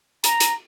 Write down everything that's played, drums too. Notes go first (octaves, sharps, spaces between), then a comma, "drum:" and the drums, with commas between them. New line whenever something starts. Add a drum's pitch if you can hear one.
A#5, drum: hi-hat
drum: hi-hat